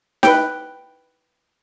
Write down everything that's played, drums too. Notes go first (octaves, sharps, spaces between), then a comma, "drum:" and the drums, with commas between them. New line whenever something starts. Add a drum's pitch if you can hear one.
B4 G5, drum: snare D#4